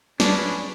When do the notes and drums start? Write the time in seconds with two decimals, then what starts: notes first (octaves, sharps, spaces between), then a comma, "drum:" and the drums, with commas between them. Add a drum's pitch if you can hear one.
0.20 C#4 D4 G#4 B4, drum: snare